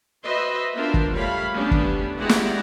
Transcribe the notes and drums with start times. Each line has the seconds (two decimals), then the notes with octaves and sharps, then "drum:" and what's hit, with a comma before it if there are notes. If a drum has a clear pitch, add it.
0.24 F#4 B4 C5 D#5 E5 C6
0.74 B3 D4 F4 A#4 C5 E5
0.94 drum: kick
1.13 G3 A3 C#5 F5 B5
1.53 G3 A3 B3 C#4 D4 G4
1.71 drum: kick
2.19 G#3 E4 G4 D5 F#5 A#5
2.29 drum: snare